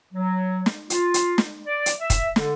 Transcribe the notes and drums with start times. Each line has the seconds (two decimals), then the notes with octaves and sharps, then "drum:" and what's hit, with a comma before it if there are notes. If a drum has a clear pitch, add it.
0.13 F#3
0.66 drum: snare
0.90 F4, drum: hi-hat
1.14 drum: hi-hat
1.38 drum: snare
1.66 D5
1.86 drum: hi-hat
1.99 E5
2.10 drum: kick, hi-hat
2.36 D3, drum: snare